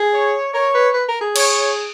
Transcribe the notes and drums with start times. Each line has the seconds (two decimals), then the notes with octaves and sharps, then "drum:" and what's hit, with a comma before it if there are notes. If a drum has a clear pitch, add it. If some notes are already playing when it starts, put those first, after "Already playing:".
Already playing: G#4
0.13 C#5
0.54 A#4 C#5
0.74 B4
0.94 B4
1.08 A#4
1.21 G#4
1.36 C#5, drum: cymbal